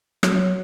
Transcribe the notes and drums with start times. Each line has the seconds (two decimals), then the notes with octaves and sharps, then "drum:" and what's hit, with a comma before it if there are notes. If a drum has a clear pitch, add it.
0.23 F#3, drum: rim click